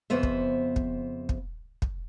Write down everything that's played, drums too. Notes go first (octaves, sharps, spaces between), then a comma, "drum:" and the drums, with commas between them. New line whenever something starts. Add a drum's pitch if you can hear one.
F2 C#3 B3 C5 E5
drum: kick
drum: kick
drum: kick
drum: kick